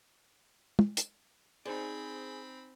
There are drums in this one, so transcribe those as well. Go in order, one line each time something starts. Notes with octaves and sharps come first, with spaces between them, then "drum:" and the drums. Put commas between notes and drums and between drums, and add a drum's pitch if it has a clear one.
drum: tom
drum: hi-hat
C4 D#4 G#4 C5 D5 B5